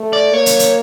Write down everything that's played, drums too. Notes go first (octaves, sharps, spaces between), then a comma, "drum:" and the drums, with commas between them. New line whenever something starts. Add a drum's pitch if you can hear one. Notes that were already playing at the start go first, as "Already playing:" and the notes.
Already playing: A3
D5
A#3 C#5
drum: hi-hat
drum: hi-hat